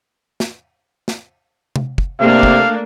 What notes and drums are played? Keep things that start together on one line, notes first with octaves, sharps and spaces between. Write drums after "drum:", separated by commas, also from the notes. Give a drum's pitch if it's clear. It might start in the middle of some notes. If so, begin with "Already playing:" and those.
drum: snare
drum: snare
drum: tom C3
drum: kick
C3 A3 A#3 D4 F5
drum: kick